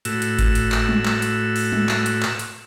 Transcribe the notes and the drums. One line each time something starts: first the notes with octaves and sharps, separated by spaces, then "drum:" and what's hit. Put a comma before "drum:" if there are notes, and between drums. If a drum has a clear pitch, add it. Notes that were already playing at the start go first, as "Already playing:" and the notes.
A2 F#4 E6, drum: hi-hat
drum: hi-hat
drum: kick G#1, hi-hat
drum: hi-hat
drum: clap
drum: tom G3
drum: clap
drum: hi-hat
drum: open hi-hat
drum: tom G3
drum: clap
drum: hi-hat
drum: clap
drum: hi-hat